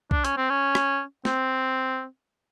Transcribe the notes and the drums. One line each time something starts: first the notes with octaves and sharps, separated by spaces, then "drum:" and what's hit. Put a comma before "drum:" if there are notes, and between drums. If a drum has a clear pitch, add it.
D4, drum: kick B1
C#4, drum: hi-hat
C4
C#4
drum: rim click
C4, drum: snare